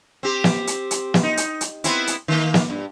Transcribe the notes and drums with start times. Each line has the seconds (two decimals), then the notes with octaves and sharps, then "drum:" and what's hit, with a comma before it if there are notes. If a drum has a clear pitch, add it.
0.23 C4 G4
0.44 drum: snare
0.67 drum: hi-hat
0.91 drum: hi-hat
1.14 drum: snare
1.23 D#4
1.37 drum: hi-hat
1.61 drum: hi-hat
1.84 B3 C4 E4, drum: hi-hat
2.07 drum: hi-hat
2.28 D#3 A#3
2.54 drum: snare
2.70 G2